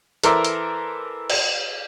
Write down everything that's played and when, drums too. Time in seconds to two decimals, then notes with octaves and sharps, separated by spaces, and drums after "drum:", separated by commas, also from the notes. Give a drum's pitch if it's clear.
0.23 E3 A4 A#4 C5 D5 E5, drum: hi-hat
0.45 drum: hi-hat
1.30 drum: cymbal